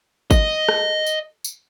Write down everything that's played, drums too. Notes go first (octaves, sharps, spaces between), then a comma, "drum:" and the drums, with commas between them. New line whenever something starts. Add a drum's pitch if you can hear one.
D#5, drum: kick G1, tambourine
drum: rim click
drum: tambourine
drum: tambourine